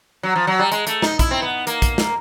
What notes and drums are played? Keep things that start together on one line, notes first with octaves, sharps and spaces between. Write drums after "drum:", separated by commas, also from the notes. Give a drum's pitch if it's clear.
F#3
F3
F#3
G3
G#3, drum: hi-hat
A3, drum: hi-hat
D#4, drum: snare
E4, drum: kick, hi-hat
C4
B3
A#3, drum: hi-hat
drum: kick, hi-hat
drum: snare